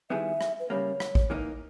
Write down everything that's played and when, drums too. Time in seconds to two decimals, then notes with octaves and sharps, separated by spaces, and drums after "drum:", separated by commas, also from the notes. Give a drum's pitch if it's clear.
0.10 D#3 G3 B3 E4 G#4 E5
0.41 drum: rim click
0.60 B4
0.70 C#3 G3 A#3 C#5
1.00 drum: rim click
1.15 drum: kick A1
1.30 E3 A#3 D#4